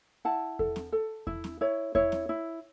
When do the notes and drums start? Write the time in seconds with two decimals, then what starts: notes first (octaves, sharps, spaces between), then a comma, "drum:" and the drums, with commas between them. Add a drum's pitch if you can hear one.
0.25 E4 F#5 A5
0.59 A4, drum: kick E2
0.76 drum: snare C4
0.92 A4
1.27 E4, drum: kick E2
1.44 drum: snare C4
1.61 E4 C#5
1.95 E4 C#5, drum: kick E2
2.12 drum: snare C4
2.29 E4